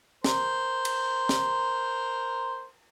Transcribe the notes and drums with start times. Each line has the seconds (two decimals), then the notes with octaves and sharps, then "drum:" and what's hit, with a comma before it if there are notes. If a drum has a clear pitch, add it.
0.24 A#4 C5, drum: snare
0.85 drum: cymbal
1.29 drum: snare